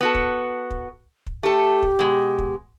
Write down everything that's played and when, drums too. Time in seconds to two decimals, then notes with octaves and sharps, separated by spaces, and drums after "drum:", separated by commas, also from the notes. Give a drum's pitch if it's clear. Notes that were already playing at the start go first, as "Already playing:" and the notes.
0.01 B3 F#4 A4
0.15 drum: kick
0.71 drum: kick
1.26 drum: kick
1.43 A3 G4 A4
1.82 drum: kick
1.99 B2 G#3
2.38 drum: kick